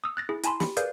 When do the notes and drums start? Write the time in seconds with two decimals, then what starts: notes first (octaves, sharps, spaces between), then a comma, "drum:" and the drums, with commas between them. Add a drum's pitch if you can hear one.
0.04 D#6 E6
0.17 F#6 A6 A#6
0.29 E4 G#4
0.43 E4 G#5 A5 B5 C6, drum: hi-hat
0.60 G4 B5, drum: snare
0.77 G#4 A#4 B4 D5 F5 G6, drum: hi-hat